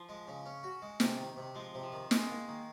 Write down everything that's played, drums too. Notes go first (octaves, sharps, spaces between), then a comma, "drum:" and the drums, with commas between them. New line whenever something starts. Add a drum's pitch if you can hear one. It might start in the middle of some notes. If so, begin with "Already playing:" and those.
Already playing: F3
G#3
C#3
C#4
F#4
G#3
C3, drum: snare
D#3
C3
F3 G#3
C3
F3
D#3
D#3 G#3, drum: snare
A#3
D#3